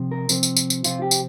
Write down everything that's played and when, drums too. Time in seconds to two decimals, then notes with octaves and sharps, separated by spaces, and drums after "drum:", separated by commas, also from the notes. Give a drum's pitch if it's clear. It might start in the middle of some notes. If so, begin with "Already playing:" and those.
Already playing: C3 F3 C4
0.11 A#4
0.29 C3 F3 C4, drum: tambourine
0.43 drum: tambourine
0.57 drum: tambourine
0.70 drum: tambourine
0.84 C3 F3 C4 F4, drum: tambourine
1.02 G4
1.11 drum: tambourine